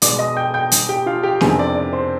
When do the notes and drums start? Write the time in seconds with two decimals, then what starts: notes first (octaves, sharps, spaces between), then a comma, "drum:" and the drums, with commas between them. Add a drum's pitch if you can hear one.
0.02 B2 G#3 B3 D5 D6, drum: hi-hat
0.19 D#5 D#6
0.37 G5 G6
0.54 G5 G6
0.72 drum: hi-hat
0.89 G4 G5
1.06 F4 F5
1.23 G4 G5
1.41 F2 C3 D#3 B3 D4 G#4 G#5, drum: snare
1.59 D5
1.75 D5
1.93 C5